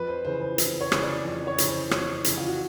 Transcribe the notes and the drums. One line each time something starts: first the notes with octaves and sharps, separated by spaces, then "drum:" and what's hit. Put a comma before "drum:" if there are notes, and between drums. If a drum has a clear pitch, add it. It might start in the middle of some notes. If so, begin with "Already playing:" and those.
Already playing: F2 B4
C5
C#3 E3 C5
C5
F2 C5, drum: hi-hat
C#5
C#3 E3, drum: rim click
D5
F2
C#5
C#3 E3, drum: hi-hat
C5
F2 C#5, drum: rim click
C#3 E3, drum: hi-hat
F4
F#4